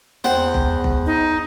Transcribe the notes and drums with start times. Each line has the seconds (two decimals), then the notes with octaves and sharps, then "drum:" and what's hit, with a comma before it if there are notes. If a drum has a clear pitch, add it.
0.24 E2 C5 F#5 G5, drum: snare
0.54 drum: kick
0.84 drum: kick
1.06 D#4